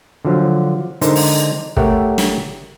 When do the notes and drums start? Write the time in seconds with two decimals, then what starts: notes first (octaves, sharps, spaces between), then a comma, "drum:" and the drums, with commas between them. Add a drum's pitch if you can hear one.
0.25 D3 F3 F#3
1.01 D3 G#3 D4 D#4 A#4 C5, drum: hi-hat
1.15 drum: open hi-hat
1.77 A3 G4 A#4 C#5 E5 F#5, drum: kick
2.18 drum: snare